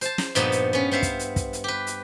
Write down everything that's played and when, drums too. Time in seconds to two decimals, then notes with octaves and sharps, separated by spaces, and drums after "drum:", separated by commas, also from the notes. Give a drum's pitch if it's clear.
0.01 C5 A5, drum: hi-hat
0.18 drum: snare
0.35 G2 A#2 F3 B3 D#4, drum: hi-hat
0.52 drum: hi-hat
0.73 B3 C#4
0.91 B3 C5 E5 F5
1.02 drum: kick, hi-hat
1.19 drum: hi-hat
1.36 drum: kick, hi-hat
1.53 drum: hi-hat
1.64 G4 B4
1.87 drum: hi-hat